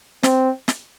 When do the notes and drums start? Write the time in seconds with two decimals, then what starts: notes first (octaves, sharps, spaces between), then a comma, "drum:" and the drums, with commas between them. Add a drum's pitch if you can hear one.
0.23 C4, drum: snare
0.68 drum: snare